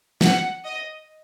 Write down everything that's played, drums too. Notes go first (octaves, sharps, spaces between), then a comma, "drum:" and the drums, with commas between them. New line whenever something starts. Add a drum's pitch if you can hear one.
F#5, drum: snare
D#5